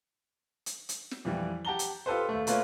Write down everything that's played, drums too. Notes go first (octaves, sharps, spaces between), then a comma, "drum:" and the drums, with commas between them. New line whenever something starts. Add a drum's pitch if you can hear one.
drum: hi-hat
drum: hi-hat
drum: snare
F2 E3 G3
G4 F#5 A5 A#5 G7
drum: hi-hat
F4 G4 A4 B4 C5
D#2 A3
A3 A#3 F4 B4 C#5, drum: hi-hat